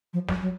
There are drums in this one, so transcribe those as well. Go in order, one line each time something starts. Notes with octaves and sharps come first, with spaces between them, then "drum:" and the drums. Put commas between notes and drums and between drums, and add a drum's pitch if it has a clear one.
F3
F#3, drum: snare
F#3